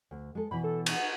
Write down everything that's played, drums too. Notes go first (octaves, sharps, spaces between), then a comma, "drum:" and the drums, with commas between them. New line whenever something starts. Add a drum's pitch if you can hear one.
D2
G#3 A4
B2 E3 B5
A4
F#5, drum: cymbal